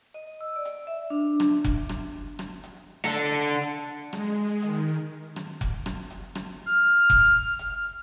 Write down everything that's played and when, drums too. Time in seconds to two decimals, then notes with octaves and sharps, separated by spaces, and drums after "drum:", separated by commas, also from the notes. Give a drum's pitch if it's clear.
0.14 D#5
0.41 E6
0.56 D5
0.65 drum: hi-hat
0.87 E5
1.10 D4
1.40 drum: rim click
1.64 drum: kick F1, hi-hat
1.89 drum: rim click
2.39 drum: rim click
2.64 drum: hi-hat
3.05 D3 A4
3.63 drum: hi-hat
4.13 G#3, drum: rim click
4.62 D#3, drum: hi-hat
5.36 drum: rim click
5.61 drum: kick F1, hi-hat
5.86 drum: rim click
6.11 drum: hi-hat
6.35 drum: rim click
6.66 F6
7.10 drum: kick F1
7.59 drum: hi-hat